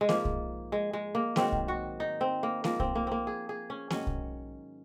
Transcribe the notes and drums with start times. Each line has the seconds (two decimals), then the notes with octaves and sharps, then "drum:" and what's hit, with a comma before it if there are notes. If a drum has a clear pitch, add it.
0.01 G#3
0.09 G#2 F3 A#3, drum: snare A#3
0.25 drum: kick
0.72 G#3
0.93 G#3
1.15 A#3
1.36 G#2 D#3 F#3 C4, drum: snare A#3
1.52 drum: kick
1.68 F#4
2.00 D#4
2.21 C4
2.43 A#3
2.64 G#2 F3 A#3, drum: snare A#3
2.80 C4, drum: kick
2.95 A#3
3.07 A#3 C4
3.27 G#4
3.49 G#4
3.70 C#4
3.90 G#2 D#3 F#3 C#4, drum: snare A#3
4.07 drum: kick